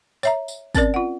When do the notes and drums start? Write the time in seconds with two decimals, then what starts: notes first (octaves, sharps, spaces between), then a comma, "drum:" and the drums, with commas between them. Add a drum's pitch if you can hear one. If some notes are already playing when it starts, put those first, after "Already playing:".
0.23 C#5 E5 A#5, drum: tambourine
0.48 drum: tambourine
0.75 C4 C#4 A#4 D5, drum: kick, tambourine
0.94 F4 F#5